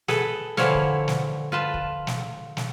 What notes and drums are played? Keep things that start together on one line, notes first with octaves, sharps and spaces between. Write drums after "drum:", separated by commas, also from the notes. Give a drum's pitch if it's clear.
G#4 A4 B4, drum: snare
D3 E3 F3 E4 C#5 F5, drum: snare
drum: kick
drum: snare
F4 B4 A5
drum: kick
drum: snare
drum: snare